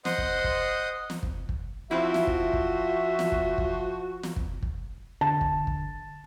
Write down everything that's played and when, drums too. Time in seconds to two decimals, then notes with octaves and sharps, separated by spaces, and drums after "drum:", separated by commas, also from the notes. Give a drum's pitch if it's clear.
0.05 C5 D#5 F#5 C6 D#6, drum: snare
0.18 drum: kick
0.44 drum: kick
1.10 drum: snare
1.23 drum: kick
1.49 drum: kick
1.91 F3 C4 E4 F#4 E5
2.14 drum: snare
2.27 drum: kick
2.53 drum: kick
3.19 drum: snare
3.32 drum: kick
3.58 drum: kick
4.23 drum: snare
4.36 drum: kick
4.63 drum: kick
5.21 D3 A5
5.41 drum: kick
5.67 drum: kick